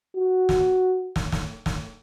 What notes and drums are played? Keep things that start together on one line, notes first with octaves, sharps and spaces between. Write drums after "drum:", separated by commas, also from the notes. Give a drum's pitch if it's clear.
F#4
drum: snare
drum: snare
drum: snare
drum: snare